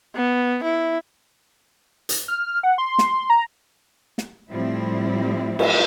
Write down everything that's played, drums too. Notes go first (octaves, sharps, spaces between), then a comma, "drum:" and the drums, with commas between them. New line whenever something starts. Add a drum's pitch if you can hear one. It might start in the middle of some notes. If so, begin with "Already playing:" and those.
B3
E4
drum: hi-hat
F6
F#5
C6
drum: snare
A#5
drum: snare
A2 F3 G3 C4 E4
drum: cymbal